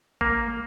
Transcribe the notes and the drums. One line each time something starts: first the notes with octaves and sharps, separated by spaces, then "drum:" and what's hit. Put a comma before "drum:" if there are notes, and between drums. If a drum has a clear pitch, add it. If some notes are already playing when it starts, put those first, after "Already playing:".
A#3, drum: kick G#1